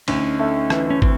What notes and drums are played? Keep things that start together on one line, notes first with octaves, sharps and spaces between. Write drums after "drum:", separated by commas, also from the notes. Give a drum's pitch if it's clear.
D2 C#4 D#4, drum: cymbal
A3
E3, drum: rim click
C#4
C4, drum: kick